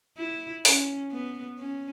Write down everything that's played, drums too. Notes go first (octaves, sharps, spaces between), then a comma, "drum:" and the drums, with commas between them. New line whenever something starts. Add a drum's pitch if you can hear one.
E4
C#4, drum: open hi-hat
B3
C#4